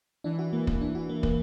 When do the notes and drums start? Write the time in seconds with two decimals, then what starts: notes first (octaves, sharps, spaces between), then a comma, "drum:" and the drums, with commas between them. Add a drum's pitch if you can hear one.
0.24 E3 D4
0.39 F#4
0.53 E3 A#3
0.67 A#3, drum: kick
0.81 D4
0.95 F#4
1.09 A#3
1.23 A#3, drum: kick